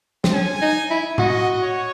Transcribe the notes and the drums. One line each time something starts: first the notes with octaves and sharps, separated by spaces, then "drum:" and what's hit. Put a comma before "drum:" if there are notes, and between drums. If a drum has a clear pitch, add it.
C4, drum: snare
C#4 G#5
D#4
E4
F#4 D#5, drum: tom A2
C#5